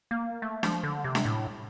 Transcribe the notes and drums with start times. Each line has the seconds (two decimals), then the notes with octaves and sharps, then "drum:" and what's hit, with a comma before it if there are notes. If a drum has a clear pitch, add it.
0.11 A#3
0.42 A3
0.63 F3, drum: snare D4
0.83 D3
1.04 C3
1.15 drum: snare D4
1.25 A2